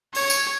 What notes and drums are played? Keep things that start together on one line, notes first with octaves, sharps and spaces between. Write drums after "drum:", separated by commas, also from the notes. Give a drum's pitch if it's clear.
C#5, drum: open hi-hat
drum: tambourine